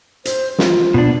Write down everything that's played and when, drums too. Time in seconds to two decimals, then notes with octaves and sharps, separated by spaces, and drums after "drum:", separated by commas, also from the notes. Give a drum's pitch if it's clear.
0.25 C5, drum: hi-hat
0.59 F4, drum: snare
0.94 B2 D4